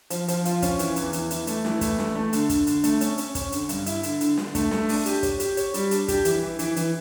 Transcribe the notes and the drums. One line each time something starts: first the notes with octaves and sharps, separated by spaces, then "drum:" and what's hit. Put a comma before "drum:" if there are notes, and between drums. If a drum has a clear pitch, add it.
F3, drum: hi-hat
F3, drum: hi-hat
F4, drum: hi-hat
C#4, drum: kick, hi-hat
E3, drum: hi-hat
E2, drum: hi-hat
E3, drum: hi-hat
E3, drum: hi-hat
A3, drum: hi-hat
E3, drum: snare
A3, drum: kick, hi-hat
A3, drum: snare
A3
D3, drum: hi-hat
D3, drum: kick, hi-hat
D3, drum: hi-hat
A3, drum: hi-hat
C#4, drum: hi-hat
C#4, drum: hi-hat
C#4, drum: kick, hi-hat
D3, drum: hi-hat
G2, drum: hi-hat
E4, drum: hi-hat
D3, drum: hi-hat
D3, drum: hi-hat
D3, drum: snare
A3, drum: kick, hi-hat
A3, drum: snare
D4, drum: open hi-hat
G4, drum: hi-hat
C#5, drum: kick, hi-hat
G4, drum: hi-hat
C#5, drum: hi-hat
G3, drum: hi-hat
D4, drum: hi-hat
G4, drum: kick, hi-hat
E3, drum: hi-hat
E3
E3, drum: hi-hat
E3, drum: hi-hat